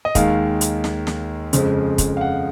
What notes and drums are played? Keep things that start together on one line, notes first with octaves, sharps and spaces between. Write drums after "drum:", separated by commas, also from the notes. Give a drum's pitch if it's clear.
D#5
D#2 D#3 G#3 F5, drum: kick, hi-hat
drum: hi-hat
drum: snare
drum: snare
F2 C#3 F3 G#3, drum: hi-hat
drum: kick, hi-hat
F5
F#5